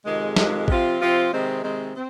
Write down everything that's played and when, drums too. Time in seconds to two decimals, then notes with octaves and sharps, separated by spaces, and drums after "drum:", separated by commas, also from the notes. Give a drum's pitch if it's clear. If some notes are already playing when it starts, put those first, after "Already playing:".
0.05 F2 C3 D#3 G#3
0.36 F2 C3 D#3 G#3, drum: snare
0.68 C3 F3 C4 F4, drum: kick A1
0.99 C3 F3 C4 F4
1.31 C3 D#3 G#3 C4
1.63 C3 D#3 G#3 C4
1.95 C4